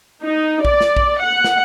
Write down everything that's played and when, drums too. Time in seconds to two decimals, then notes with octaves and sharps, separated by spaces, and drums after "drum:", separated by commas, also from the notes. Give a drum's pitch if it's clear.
0.25 D#4
0.65 D5, drum: kick A#1
0.81 drum: snare
0.97 drum: kick A#1
1.22 F#5
1.44 drum: snare